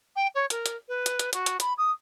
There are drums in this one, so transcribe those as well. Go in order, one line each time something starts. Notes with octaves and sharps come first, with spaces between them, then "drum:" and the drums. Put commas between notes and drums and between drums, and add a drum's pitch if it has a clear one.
G5
C#5
A#4, drum: hi-hat
drum: hi-hat
B4
drum: hi-hat
drum: hi-hat
F#4, drum: hi-hat
drum: hi-hat
B5, drum: hi-hat
D#6